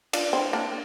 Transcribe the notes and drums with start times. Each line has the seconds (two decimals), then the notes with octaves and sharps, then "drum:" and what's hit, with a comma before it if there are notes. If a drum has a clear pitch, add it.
0.13 D4 F4, drum: cymbal
0.33 C4 E4
0.53 A#3 D4